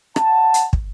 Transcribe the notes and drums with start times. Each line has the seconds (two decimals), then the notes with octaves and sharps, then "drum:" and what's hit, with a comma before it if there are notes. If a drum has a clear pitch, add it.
0.16 F#5 A5, drum: rim click
0.54 drum: hi-hat
0.73 drum: kick